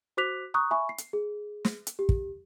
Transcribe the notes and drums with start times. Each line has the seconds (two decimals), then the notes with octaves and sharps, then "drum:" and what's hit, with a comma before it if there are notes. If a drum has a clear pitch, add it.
0.17 F#4 C5 D6 F#6 B6 F7
0.54 A#5 C#6 D#6 F#6
0.71 E5 G#5 B5 C#6
0.89 C7
0.98 drum: hi-hat
1.13 G#4
1.65 drum: snare
1.87 drum: hi-hat
1.99 G4
2.09 drum: kick